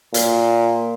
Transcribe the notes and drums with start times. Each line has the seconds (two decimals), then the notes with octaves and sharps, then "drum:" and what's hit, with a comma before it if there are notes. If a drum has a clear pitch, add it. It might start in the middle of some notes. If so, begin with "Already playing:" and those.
0.14 A#2, drum: hi-hat